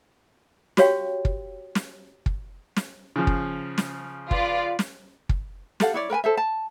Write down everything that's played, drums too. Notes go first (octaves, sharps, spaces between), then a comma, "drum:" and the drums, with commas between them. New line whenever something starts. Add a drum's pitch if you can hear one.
F#4 G4 C#5 F5 G5, drum: snare
drum: kick
drum: snare
drum: kick
drum: snare
C#3 F3
drum: kick
drum: snare
F4 B4 D5, drum: kick
drum: snare
drum: kick
G4 A4 F5 F#5, drum: snare
E4 C#5 D5
A#4 B4 G5 G#5
A4 C5 E5
A5